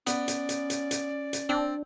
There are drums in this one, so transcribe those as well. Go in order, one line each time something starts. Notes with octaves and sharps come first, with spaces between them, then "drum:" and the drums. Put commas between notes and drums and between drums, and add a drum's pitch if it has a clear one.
B3 C#4 D5, drum: hi-hat
drum: hi-hat
drum: hi-hat
drum: hi-hat
drum: hi-hat
drum: hi-hat
C4 D4